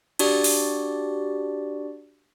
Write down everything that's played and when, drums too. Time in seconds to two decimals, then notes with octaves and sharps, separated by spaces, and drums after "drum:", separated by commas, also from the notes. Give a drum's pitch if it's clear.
0.19 D4 F#4 G4 D5, drum: cymbal
0.44 drum: open hi-hat